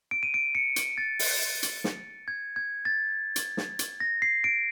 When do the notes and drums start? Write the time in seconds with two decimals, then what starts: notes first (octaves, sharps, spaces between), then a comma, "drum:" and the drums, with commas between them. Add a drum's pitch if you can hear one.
0.11 D7
0.23 D#7
0.34 D7
0.55 C#7
0.76 drum: hi-hat
0.98 A6
1.19 drum: open hi-hat
1.63 drum: hi-hat
1.84 drum: snare
2.28 G#6
2.56 G#6
2.85 A6
3.36 drum: hi-hat
3.57 drum: snare
3.79 drum: hi-hat
4.00 A#6
4.22 C7
4.44 D7